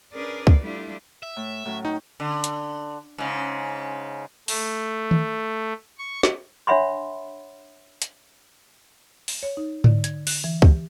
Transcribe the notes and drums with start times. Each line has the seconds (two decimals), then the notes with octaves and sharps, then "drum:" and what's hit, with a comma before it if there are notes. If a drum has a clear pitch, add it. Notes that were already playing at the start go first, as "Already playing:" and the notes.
0.13 C#4 D4 G#4 A#4 B4 D5
0.47 drum: kick C#2
0.60 G3 A3 D4 E4 F4
1.23 E5
1.36 A2
1.65 A2 F#3 C#4
1.85 D#4 G5
2.20 D3
2.44 drum: hi-hat
3.18 G#2 C#3
4.48 A3, drum: open hi-hat
5.11 drum: tom D#3
5.98 C#6
6.23 drum: snare
6.67 D4 C#5 E5 F#5 B5 C6
8.02 drum: hi-hat
9.28 drum: open hi-hat
9.43 C#5
9.57 D#4
9.84 D3, drum: tom G#2
10.04 G#6, drum: hi-hat
10.27 F#6, drum: open hi-hat
10.44 E3
10.62 G4, drum: kick C#2